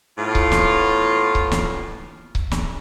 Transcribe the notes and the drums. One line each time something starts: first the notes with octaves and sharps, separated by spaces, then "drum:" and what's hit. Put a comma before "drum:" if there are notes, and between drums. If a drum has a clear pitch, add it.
A2 B3 F4
drum: kick C#1
drum: snare
drum: kick C#1
drum: snare
drum: kick C#1
drum: snare